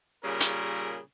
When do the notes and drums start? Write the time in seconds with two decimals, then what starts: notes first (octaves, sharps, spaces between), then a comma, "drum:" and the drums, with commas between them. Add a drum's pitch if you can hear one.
0.24 A#2 C#3 G3 C#4 G#4 A#4
0.41 drum: hi-hat